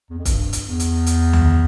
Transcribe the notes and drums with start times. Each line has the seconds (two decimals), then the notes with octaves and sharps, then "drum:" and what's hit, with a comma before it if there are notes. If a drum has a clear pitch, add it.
0.10 E2
0.18 F2
0.25 G2, drum: kick, hi-hat
0.53 drum: hi-hat
0.67 E2
0.80 drum: hi-hat
1.06 drum: hi-hat
1.33 drum: tom C#2